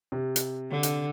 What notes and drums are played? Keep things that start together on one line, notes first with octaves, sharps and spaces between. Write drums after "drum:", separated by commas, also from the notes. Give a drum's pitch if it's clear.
C3
drum: hi-hat
D3
drum: hi-hat